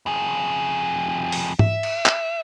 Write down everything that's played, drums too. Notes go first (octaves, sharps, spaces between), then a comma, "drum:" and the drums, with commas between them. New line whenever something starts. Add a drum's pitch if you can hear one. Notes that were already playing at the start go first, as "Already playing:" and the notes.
F2 G#4
drum: open hi-hat
E5, drum: tom G#2
drum: cymbal
drum: clap